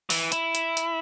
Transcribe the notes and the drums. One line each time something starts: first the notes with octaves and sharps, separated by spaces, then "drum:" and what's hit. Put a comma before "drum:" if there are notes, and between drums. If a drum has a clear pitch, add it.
E3, drum: open hi-hat
E4, drum: hi-hat
drum: hi-hat
drum: hi-hat